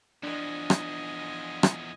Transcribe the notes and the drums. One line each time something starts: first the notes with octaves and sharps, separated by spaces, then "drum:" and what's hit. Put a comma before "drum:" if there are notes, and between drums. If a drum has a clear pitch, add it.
E2 F3 D4 D#5 G#5
drum: rim click
drum: rim click